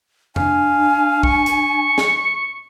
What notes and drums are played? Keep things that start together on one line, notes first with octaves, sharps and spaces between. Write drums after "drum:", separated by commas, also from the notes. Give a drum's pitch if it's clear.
D4 F5 G#5, drum: tom F2
C#6, drum: kick
drum: hi-hat
drum: snare